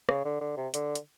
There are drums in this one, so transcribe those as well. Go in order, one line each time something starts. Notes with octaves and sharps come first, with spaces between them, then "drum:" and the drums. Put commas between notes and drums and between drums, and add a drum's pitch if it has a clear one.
C#3, drum: rim click
D3
D3
C3
D3, drum: hi-hat
drum: hi-hat